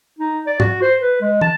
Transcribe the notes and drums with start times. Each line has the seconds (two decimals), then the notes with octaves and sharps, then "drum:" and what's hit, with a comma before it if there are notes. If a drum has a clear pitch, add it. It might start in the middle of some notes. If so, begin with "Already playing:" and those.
0.19 D#4
0.46 D5
0.60 F#4, drum: tom G#2
0.82 C5
1.01 B4
1.21 G#3
1.41 A5, drum: tom